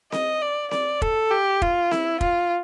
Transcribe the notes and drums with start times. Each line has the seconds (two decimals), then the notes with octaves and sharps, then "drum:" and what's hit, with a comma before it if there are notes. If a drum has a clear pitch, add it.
0.12 D#5, drum: snare C4
0.42 D5
0.71 D5, drum: snare C4
1.02 A4, drum: kick
1.31 G4
1.62 F4, drum: kick
1.91 E4, drum: snare C4
2.21 F4, drum: kick